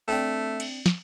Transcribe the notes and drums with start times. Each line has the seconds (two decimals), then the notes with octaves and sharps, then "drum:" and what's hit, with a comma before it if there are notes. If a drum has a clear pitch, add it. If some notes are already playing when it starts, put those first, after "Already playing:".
0.08 A3 C4 D4 G5
0.60 drum: cymbal
0.86 drum: snare